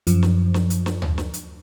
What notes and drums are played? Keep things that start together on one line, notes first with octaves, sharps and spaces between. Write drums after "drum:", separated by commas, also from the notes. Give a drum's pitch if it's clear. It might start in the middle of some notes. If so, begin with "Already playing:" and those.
F#2 F3, drum: hi-hat
drum: snare
drum: snare
drum: hi-hat
drum: snare
drum: tom
drum: snare
drum: hi-hat